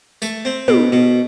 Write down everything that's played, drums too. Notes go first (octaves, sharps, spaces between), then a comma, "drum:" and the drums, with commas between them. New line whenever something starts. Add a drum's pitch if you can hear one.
A3, drum: tambourine
C4
B2, drum: tom
B2